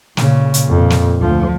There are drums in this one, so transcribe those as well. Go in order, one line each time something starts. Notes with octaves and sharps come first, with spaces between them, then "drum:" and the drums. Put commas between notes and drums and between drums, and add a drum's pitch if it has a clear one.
A#2 C#3, drum: snare
drum: hi-hat
F2 A#2
drum: snare
D2 F3